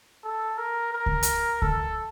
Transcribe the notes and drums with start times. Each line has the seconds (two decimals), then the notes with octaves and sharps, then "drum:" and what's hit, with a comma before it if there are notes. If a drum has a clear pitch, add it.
0.24 A4
0.58 A#4
0.92 A#4
1.06 drum: kick C#2
1.23 drum: hi-hat
1.62 A4, drum: kick C#2